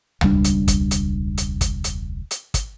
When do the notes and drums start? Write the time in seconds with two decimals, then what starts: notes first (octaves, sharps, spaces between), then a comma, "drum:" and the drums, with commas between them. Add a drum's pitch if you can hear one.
0.21 E1 C#2 G3 D4, drum: tom C#2
0.44 drum: hi-hat
0.68 drum: kick, hi-hat
0.91 drum: hi-hat
1.38 drum: hi-hat
1.61 drum: kick, hi-hat
1.84 drum: hi-hat
2.31 drum: hi-hat
2.54 drum: kick, hi-hat